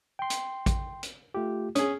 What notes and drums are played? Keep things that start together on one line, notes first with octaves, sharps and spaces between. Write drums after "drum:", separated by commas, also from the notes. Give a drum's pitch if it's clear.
G5 C6
drum: hi-hat
drum: kick A1, hi-hat
drum: hi-hat
A3 F4 G4
C#4 G#4 D#6, drum: hi-hat